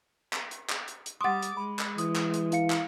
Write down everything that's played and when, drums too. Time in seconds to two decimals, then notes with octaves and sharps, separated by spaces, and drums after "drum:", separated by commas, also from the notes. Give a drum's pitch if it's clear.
0.33 drum: clap
0.51 drum: hi-hat
0.69 drum: clap
0.88 drum: hi-hat
1.06 drum: hi-hat
1.21 G3 F#5 C6 D6 D#6 A6
1.42 drum: hi-hat
1.57 G#3 B5
1.79 drum: clap
1.98 E3 D#6, drum: hi-hat
2.15 drum: clap
2.34 drum: hi-hat
2.52 E4 F5 C#7, drum: hi-hat
2.70 drum: clap